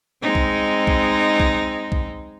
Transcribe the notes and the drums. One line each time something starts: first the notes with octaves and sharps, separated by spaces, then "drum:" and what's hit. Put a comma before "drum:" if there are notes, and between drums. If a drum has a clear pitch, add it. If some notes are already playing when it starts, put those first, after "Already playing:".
G#3 C4 D#4
drum: kick B1
drum: kick B1
drum: kick B1
drum: kick B1